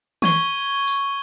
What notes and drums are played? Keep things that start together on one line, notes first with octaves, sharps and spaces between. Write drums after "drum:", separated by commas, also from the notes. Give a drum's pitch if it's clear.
C#6 G#6 G7, drum: tom D#3
drum: tambourine